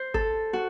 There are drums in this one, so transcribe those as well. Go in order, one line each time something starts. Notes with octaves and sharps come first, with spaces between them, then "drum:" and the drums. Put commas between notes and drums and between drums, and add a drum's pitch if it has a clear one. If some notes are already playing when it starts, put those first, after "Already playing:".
Already playing: C5
A4, drum: kick G1
F#4